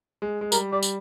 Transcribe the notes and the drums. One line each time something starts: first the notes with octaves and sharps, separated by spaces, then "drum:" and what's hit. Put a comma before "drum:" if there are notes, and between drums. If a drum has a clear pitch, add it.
G#3
G#3
G3 A#4, drum: tambourine
G3 D5
drum: tambourine